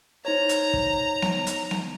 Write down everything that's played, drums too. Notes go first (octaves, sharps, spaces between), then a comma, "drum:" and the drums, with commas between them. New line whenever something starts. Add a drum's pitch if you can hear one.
D#4 C5 C#5 A#5
drum: hi-hat
drum: kick
drum: snare B3
drum: hi-hat
drum: snare B3